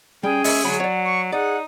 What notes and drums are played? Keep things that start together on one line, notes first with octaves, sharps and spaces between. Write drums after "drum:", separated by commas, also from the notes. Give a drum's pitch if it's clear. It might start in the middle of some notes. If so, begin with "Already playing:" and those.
G3 C#4 G#4 G5
G#3 A#3 E5, drum: open hi-hat
D2 F#3 G#3 B5
C#5 D5 F#5
C#6
D#4 G#4 D5 F#5